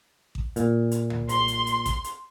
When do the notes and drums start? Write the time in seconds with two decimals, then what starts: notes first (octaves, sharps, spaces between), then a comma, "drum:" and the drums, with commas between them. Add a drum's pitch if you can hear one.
0.35 drum: kick A1
0.56 A#2, drum: hi-hat
0.91 drum: hi-hat
1.10 drum: tom
1.29 C6, drum: hi-hat
1.48 drum: hi-hat
1.67 drum: hi-hat
1.86 drum: kick A1, hi-hat
2.04 drum: hi-hat